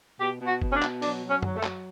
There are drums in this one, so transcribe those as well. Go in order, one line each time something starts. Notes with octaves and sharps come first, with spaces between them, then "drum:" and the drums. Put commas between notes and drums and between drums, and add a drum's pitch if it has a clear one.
B2 G4
B2
F#4
B2, drum: kick
C#4
D4
B2, drum: clap
F#3 D4, drum: open hi-hat
F#3
C#4
F#3, drum: tom F#2
A3
F#3, drum: clap